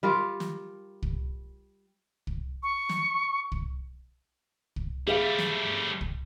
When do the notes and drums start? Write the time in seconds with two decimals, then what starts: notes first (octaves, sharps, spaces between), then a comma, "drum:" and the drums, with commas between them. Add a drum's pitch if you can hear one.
0.03 G3 F4 A#4
0.40 drum: snare
1.02 drum: kick
2.27 drum: kick
2.63 C#6
2.89 drum: snare
3.52 drum: kick
4.76 drum: kick
5.07 G3 A3 G#4 E5 F5
5.39 drum: snare
6.01 drum: kick